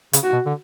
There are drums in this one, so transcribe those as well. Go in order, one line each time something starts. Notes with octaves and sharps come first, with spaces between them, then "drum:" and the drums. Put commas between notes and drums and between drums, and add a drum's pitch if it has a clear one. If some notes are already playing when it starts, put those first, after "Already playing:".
C#3, drum: hi-hat
F#4
B2
D3